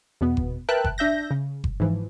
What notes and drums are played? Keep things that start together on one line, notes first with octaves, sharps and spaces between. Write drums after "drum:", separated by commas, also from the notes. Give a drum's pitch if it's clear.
E2 B2 B3
drum: kick F#1
A#4 B4 E5 G5 A5 F#6
drum: kick F#1
D4 E5 G6 A#6
C#3
drum: kick F#1
G#2 E3 F3